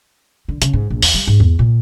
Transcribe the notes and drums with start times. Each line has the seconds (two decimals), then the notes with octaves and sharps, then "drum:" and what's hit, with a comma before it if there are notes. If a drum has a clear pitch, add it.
0.48 D3
0.62 C#3, drum: hi-hat
0.73 G#2
0.90 A#1
1.02 E2, drum: open hi-hat
1.14 G3
1.27 G#2
1.40 E2
1.59 A#2